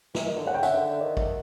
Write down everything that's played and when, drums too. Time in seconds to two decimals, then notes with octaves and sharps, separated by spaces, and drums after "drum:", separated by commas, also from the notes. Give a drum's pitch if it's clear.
0.15 E3, drum: snare
0.26 D#3
0.37 D3
0.47 C#3 F#5
0.54 G5
0.63 E5 F#5, drum: tambourine
0.74 D3
1.01 D#3
1.17 drum: kick